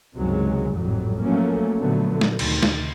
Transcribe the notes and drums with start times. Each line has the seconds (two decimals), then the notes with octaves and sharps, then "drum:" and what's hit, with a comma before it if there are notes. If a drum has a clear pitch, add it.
0.17 C#2 G2 C3 D#3 F#3 G#3
0.74 G#1 F2 A2 F#3 G3
1.22 F3 F#3 A3 A#3 C#4
1.78 A#2 D3 F3 F#3 A3 B3
2.21 drum: snare
2.39 D2 C3 D#3, drum: cymbal
2.63 drum: snare